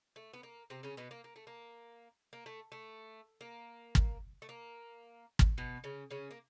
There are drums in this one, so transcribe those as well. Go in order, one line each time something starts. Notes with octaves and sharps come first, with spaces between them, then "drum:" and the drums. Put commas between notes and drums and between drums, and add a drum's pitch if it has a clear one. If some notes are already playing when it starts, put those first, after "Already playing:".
A3
B3
A#3
C3 C4
C#3 C#4
B2 B3
A#3
A#3
A3
A#3
A#3
A3
A3
A#3
drum: kick
A3
A#3
drum: kick
B2 B3
C#3 C#4
C#3 C#4
A#3